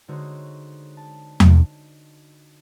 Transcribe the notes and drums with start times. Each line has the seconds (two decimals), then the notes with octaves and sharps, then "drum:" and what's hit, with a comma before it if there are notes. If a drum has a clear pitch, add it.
0.08 D3 G#3 D#4 F#4 C5 C#5
0.97 A5
1.40 drum: tom E2